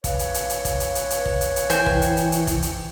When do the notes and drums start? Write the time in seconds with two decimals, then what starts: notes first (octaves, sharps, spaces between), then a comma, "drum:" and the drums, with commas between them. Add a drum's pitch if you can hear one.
0.04 B4 C#5 F5, drum: kick, hi-hat
0.19 drum: hi-hat
0.34 drum: hi-hat
0.50 drum: hi-hat
0.65 drum: kick, hi-hat
0.80 drum: hi-hat
0.95 drum: hi-hat
1.10 drum: hi-hat
1.26 drum: kick
1.41 drum: hi-hat
1.56 drum: hi-hat
1.70 E3 C5 G5 G#5, drum: hi-hat
1.86 drum: kick
2.02 drum: hi-hat
2.17 drum: hi-hat
2.32 drum: hi-hat
2.47 drum: kick, hi-hat
2.62 drum: hi-hat